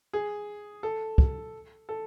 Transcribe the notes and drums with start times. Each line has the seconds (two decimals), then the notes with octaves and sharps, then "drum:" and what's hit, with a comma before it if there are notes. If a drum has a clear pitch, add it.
0.13 G#4
0.83 A4
1.18 drum: kick
1.89 A4